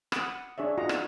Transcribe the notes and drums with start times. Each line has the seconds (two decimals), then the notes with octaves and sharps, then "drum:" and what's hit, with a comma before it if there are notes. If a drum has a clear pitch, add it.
0.12 F#5 B5 D6 D#6, drum: rim click
0.58 D4 G#4 C#5 E5
0.78 D#4 F4 F#4 D#5 F#5 A#5
0.89 drum: rim click